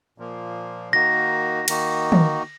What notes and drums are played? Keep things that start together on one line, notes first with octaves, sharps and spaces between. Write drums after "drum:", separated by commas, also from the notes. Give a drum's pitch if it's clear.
A#2 F3 A#3
D#3 A#3 D#4 F#4 A#6
D#3 A#3 D#4 F#4, drum: cymbal
drum: tom